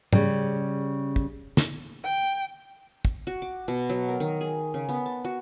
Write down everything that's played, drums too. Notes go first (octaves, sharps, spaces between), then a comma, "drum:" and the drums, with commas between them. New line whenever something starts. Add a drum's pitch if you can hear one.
C#3 G3, drum: tom G#2
drum: kick
drum: snare
G5
drum: kick
F#4
D6
B2
F#3
A#4
D#3
G#4
C#3
B3
A5
F#4